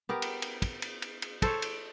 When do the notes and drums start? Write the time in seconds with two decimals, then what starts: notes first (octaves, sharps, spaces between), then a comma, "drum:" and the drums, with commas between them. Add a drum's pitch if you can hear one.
0.09 B3 G4 A#4
0.22 drum: cymbal
0.42 drum: cymbal
0.62 drum: kick, cymbal
0.82 drum: cymbal
1.02 drum: cymbal
1.22 drum: cymbal
1.42 A4 C5 C#5, drum: kick, cymbal
1.62 drum: cymbal